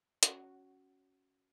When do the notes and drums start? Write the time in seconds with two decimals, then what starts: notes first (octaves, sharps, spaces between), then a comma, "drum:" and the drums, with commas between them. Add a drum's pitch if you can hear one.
0.23 C#4 F#4, drum: hi-hat